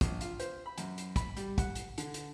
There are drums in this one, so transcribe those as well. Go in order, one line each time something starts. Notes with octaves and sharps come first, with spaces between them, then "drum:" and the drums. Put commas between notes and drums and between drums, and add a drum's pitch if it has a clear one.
A#1, drum: kick, hi-hat
F4, drum: hi-hat
C5, drum: hi-hat
B5
F#2, drum: hi-hat
drum: hi-hat
B5, drum: kick, hi-hat
G3, drum: hi-hat
F#5, drum: kick, hi-hat
drum: hi-hat
D3, drum: hi-hat
drum: hi-hat